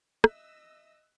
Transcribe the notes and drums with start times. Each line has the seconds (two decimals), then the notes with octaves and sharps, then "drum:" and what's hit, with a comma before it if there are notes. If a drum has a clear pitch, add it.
0.24 D#5 E5 E6 F#6 A#6, drum: rim click